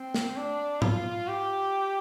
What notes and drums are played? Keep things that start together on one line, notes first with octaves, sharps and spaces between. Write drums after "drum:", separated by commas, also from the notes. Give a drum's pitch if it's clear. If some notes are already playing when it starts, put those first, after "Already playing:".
Already playing: C4
drum: snare
D4
F4, drum: tom G#2
G4